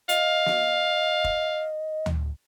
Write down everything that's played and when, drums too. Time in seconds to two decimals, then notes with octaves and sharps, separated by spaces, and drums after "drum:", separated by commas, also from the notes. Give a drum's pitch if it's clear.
0.09 D#5 F5, drum: hi-hat
0.46 drum: snare
1.24 drum: kick F1
2.06 drum: tom D2